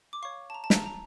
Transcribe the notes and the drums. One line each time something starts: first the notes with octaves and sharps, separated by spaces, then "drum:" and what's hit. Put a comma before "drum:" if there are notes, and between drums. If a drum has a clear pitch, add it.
D6
C#5 F5 C#6
A5
A#5
A5
A#5, drum: snare
A5
A#5